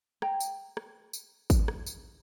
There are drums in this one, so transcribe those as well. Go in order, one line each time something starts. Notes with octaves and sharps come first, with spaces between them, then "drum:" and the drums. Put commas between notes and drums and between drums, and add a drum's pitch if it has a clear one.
G5 A#5, drum: rim click
drum: tambourine
drum: rim click
drum: tambourine
drum: kick, tambourine
drum: rim click
drum: tambourine